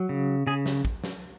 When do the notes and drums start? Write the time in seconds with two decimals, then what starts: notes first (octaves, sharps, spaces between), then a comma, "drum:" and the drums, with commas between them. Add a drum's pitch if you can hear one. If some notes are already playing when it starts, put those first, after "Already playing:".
Already playing: F#3
0.09 C#3
0.47 C#3 G#4
0.66 drum: snare
0.85 drum: kick
1.04 drum: snare